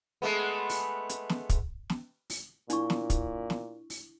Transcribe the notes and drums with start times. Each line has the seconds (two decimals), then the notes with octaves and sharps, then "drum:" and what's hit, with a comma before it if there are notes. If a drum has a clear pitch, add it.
0.22 G#3 A3 B3
0.69 drum: open hi-hat
1.09 drum: hi-hat
1.29 drum: snare
1.50 drum: kick, hi-hat
1.90 drum: snare
2.30 drum: open hi-hat
2.70 A#2 D4 E4 C#6, drum: hi-hat
2.90 drum: snare
3.10 drum: kick, hi-hat
3.50 drum: snare
3.90 drum: open hi-hat